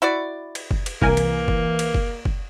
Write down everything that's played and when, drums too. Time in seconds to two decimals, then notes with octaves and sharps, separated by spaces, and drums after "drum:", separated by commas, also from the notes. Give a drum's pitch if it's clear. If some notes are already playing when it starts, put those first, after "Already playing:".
0.02 E4 F#4 D5
0.55 drum: cymbal
0.71 drum: kick F#1
0.86 drum: cymbal
1.02 C2 E3 A#3 A#4 G#5, drum: kick F#1
1.17 drum: cymbal
1.48 drum: kick F#1
1.79 drum: cymbal
1.94 drum: kick F#1
2.25 drum: kick F#1